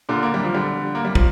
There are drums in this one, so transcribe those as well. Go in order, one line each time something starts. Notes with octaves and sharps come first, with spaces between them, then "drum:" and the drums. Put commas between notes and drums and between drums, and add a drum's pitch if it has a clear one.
A#2 D3
A#3
G3
F3
D3 G3
A#3
G3
F3, drum: kick